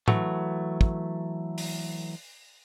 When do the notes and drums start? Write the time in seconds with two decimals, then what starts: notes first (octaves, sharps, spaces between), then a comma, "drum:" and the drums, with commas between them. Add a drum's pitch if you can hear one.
0.08 E3 F#3 A3, drum: tom
0.81 drum: kick
1.58 drum: open hi-hat